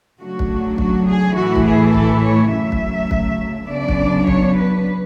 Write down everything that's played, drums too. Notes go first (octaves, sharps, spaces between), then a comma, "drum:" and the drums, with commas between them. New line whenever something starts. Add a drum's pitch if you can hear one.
C#3 F#3 A3 D4 F#4
drum: kick
F#4, drum: kick
G#4
A2 E3 A3 E4 F#4
drum: kick
G#4
A4, drum: kick
C#5
F#2 C#3 F#3 A3 E5
drum: kick
drum: kick
C#3 F#3 B3 D4 D5
drum: kick
C#5, drum: kick
B4